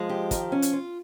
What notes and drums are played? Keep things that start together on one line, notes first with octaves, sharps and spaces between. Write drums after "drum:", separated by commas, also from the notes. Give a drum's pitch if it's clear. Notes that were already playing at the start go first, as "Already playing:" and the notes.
Already playing: F3 G#3
G4
D#3, drum: kick, hi-hat
C#4
drum: hi-hat
F4